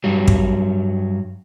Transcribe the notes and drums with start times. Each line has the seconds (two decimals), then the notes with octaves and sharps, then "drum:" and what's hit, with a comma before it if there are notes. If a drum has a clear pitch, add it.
0.04 G2 F#3 G3
0.28 drum: kick